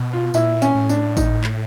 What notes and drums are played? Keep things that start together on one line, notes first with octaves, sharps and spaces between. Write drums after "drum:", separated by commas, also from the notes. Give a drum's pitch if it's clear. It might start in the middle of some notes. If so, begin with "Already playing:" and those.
Already playing: B2
F4
A#2 E4, drum: tambourine
C#4, drum: tambourine
A2
D4, drum: tambourine
D#4, drum: kick G#1, tambourine
drum: clap